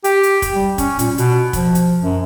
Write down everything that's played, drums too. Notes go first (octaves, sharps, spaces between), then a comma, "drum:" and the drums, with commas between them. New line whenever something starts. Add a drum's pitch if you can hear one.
G4, drum: hi-hat
drum: hi-hat
drum: kick, hi-hat
G3
C#4, drum: kick, hi-hat
A#2, drum: hi-hat
B2, drum: hi-hat
F3, drum: kick, hi-hat
drum: hi-hat
F#2